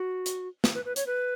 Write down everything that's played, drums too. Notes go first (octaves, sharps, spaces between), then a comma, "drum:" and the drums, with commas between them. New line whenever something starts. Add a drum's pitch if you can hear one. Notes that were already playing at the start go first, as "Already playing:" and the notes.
Already playing: F#4
drum: hi-hat
drum: snare
B4
B4
C#5, drum: hi-hat
B4